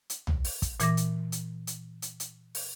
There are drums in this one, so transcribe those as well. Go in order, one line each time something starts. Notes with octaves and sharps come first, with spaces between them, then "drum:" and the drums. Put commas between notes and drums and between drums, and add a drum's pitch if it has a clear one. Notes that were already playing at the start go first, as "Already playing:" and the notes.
drum: hi-hat
drum: tom B1
drum: open hi-hat
drum: kick, hi-hat
A#2 E3 D6 A#6, drum: hi-hat
drum: hi-hat
drum: hi-hat
drum: hi-hat
drum: hi-hat
drum: hi-hat
drum: open hi-hat